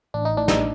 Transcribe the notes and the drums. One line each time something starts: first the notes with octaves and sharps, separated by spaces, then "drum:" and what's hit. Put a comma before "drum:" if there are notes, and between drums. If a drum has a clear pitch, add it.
A1 D4
D#4
A2 D4
D#4, drum: snare